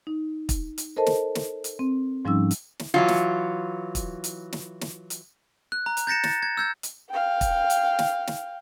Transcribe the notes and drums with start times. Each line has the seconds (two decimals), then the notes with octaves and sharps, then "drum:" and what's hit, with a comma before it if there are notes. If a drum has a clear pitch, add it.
0.07 D#4
0.49 drum: kick, hi-hat
0.78 drum: hi-hat
0.96 A4 A#4 C5 D#5 A5
1.06 drum: snare
1.35 drum: snare
1.64 drum: hi-hat
1.79 C4
2.25 G#2 F3 G3 C#4 D#4 E6
2.51 drum: hi-hat
2.79 drum: snare
2.94 E3 F#3 F4
3.08 drum: snare
3.95 drum: kick, hi-hat
4.24 drum: hi-hat
4.53 drum: snare
4.81 drum: snare
5.10 drum: hi-hat
5.72 F#6
5.86 A#5
5.97 drum: hi-hat
6.07 G6 A6 A#6 C#7 E7
6.23 A6, drum: snare
6.43 G#6
6.57 E6 G6 G#6
6.83 drum: hi-hat
7.10 F5 G5
7.41 drum: kick, hi-hat
7.70 drum: hi-hat
7.99 drum: snare
8.27 drum: snare